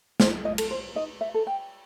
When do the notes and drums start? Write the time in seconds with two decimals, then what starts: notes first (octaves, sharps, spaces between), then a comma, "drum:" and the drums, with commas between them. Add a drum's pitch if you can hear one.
0.20 D#4 C5, drum: snare
0.45 D#5
0.58 A4, drum: cymbal
0.71 C5
0.95 D#4 D#5
1.21 E5
1.34 A4
1.47 G5